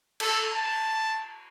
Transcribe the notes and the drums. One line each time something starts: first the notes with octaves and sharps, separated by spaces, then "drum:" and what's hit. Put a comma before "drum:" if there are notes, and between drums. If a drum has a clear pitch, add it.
A4, drum: cymbal
A5